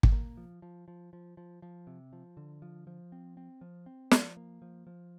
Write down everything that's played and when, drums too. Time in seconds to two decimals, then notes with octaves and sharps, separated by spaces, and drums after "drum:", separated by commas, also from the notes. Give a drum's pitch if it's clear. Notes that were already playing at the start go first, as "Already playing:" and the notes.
0.03 drum: kick
0.12 A#3
0.37 F3
0.62 F3
0.88 F3
1.13 F3
1.37 F3
1.62 F3
1.87 C3
2.13 F3
2.37 D3
2.62 F3
2.87 F3
3.12 C4
3.37 C4
3.61 F3
3.86 C4
4.11 F3, drum: snare
4.37 A#3
4.62 F3
4.87 F3